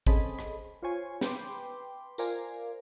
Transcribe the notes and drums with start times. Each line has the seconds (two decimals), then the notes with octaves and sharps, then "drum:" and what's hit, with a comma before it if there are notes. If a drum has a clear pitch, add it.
0.07 C4 C#4 G#4 A4 D#5 B5, drum: kick
0.39 drum: rim click
0.82 F4 C5 C#5 G#5
1.21 B4 G5 B5 C6 D6, drum: snare
2.18 F4 A#4 C5 D5 F5 G#5, drum: tambourine